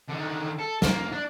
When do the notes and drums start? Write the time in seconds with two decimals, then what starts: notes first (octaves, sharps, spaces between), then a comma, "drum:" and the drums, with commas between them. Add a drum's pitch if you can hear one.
0.08 D3 D#3
0.59 A4
0.82 A#3, drum: snare
1.12 D4 D5